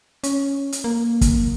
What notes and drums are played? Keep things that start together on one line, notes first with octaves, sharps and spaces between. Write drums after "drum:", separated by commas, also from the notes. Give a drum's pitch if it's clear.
C#4, drum: hi-hat
drum: hi-hat
A#3
drum: kick, hi-hat